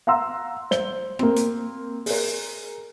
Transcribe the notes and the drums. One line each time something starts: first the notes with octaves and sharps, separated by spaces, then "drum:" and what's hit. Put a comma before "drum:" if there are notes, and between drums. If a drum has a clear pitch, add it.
F5 F#5 A#5 C6 E6
C5 G7, drum: snare
A#3 C4, drum: rim click
drum: hi-hat
G#4 A#4, drum: open hi-hat